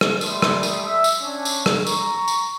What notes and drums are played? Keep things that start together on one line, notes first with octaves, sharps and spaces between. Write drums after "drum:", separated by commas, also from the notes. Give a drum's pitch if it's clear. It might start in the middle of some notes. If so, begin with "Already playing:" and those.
drum: rim click
G3 A3 C6 D#6, drum: tambourine
drum: rim click
drum: tambourine
E5
drum: tambourine
C#4 D4
drum: tambourine
drum: rim click
A#5 C#6, drum: tambourine
drum: tambourine